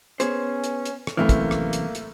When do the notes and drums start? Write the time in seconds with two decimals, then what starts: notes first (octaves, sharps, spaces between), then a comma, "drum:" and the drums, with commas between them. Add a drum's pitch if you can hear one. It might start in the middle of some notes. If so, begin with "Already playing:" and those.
0.20 B3 C#4 G#4 C5, drum: hi-hat
0.64 drum: hi-hat
0.85 drum: hi-hat
1.07 drum: rim click
1.17 F#2 A2 C3 E3 A3 A#3 F6
1.29 drum: kick, hi-hat
1.51 drum: rim click
1.73 drum: hi-hat
1.95 drum: hi-hat